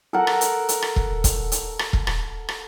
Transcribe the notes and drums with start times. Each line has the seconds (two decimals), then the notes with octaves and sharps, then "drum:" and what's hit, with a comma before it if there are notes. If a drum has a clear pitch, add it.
0.13 A4 A#4 F#5
0.27 drum: rim click
0.41 drum: hi-hat
0.69 drum: hi-hat
0.82 drum: rim click
0.96 drum: kick E1
1.24 drum: kick E1, hi-hat
1.52 drum: hi-hat
1.79 drum: rim click
1.93 drum: kick E1
2.07 drum: rim click
2.49 drum: rim click